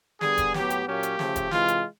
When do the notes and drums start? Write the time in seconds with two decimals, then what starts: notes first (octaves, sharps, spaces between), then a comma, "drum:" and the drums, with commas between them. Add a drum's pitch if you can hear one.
0.21 D3 G3 B3 G#4, drum: snare
0.38 drum: kick E1, hi-hat
0.54 A2 F#3 B3 G4, drum: snare
0.70 drum: hi-hat
0.86 A#2 F#3 A#3 C#4 G4
1.03 drum: hi-hat
1.19 C#3 F3 A3, drum: snare
1.36 drum: kick E1, hi-hat
1.51 C3 E3 G#3 F4, drum: snare
1.68 drum: hi-hat